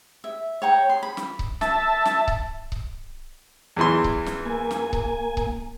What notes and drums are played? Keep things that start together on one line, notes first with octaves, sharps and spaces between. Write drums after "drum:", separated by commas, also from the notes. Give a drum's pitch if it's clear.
E5
C#5 G5 A#5
C6
B5
drum: snare
drum: kick C#1
E5 A5, drum: snare
drum: snare
drum: kick C#1
drum: kick C#1
E2 E3 C6
drum: kick C#1
drum: snare
A#3 G#5
drum: snare
drum: kick C#1
drum: kick C#1